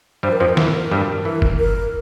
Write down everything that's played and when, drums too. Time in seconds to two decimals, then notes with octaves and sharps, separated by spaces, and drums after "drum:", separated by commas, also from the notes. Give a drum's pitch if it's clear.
0.23 G2 G3 C5
0.32 A#4
0.40 F2 F3 C5
0.49 A#4
0.57 E3, drum: snare
0.91 G2 G3
1.25 E3 A#4
1.42 drum: kick
1.59 A#4